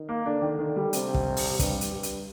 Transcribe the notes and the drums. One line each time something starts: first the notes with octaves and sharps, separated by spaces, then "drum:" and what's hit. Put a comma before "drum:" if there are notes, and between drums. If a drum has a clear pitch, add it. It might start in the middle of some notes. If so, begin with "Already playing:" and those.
Already playing: D#3
A#3
D3 D4
D#3
D#3
G3
C3, drum: hi-hat
drum: kick
drum: open hi-hat
G2, drum: kick, hi-hat
drum: hi-hat
G2
drum: hi-hat